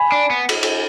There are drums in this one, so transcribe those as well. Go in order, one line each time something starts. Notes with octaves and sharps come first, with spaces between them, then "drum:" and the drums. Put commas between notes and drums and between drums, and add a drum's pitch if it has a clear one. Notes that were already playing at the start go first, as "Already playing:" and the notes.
Already playing: G#5 B5
D4
B3
drum: cymbal
drum: cymbal